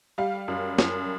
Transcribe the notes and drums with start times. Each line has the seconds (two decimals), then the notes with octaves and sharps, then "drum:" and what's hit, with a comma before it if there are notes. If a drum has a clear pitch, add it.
0.18 G3 F5
0.48 F#2
0.78 F#2, drum: snare